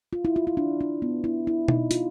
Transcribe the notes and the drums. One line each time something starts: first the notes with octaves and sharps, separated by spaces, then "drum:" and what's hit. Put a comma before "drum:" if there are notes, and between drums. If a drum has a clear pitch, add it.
F4
E4
F4
E4
D4
D4
B3
E4
E4
D#4, drum: tom B2
F4, drum: hi-hat